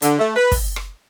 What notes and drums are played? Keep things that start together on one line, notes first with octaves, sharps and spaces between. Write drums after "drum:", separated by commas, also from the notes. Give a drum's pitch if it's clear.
D3, drum: hi-hat
A3
B4
drum: kick, open hi-hat
drum: rim click